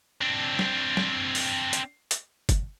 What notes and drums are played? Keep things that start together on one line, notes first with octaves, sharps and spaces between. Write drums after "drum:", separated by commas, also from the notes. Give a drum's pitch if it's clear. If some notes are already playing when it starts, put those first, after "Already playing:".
C4 D4
drum: snare
drum: snare
drum: open hi-hat
drum: hi-hat
drum: hi-hat
drum: kick, hi-hat